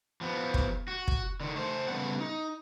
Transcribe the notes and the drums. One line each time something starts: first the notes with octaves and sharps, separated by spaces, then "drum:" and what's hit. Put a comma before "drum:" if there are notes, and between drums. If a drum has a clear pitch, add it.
F3 B3
drum: kick
F#4
drum: kick
D3 D#3
A3 C5
C#3 G3 A3 B3 F#5
D#4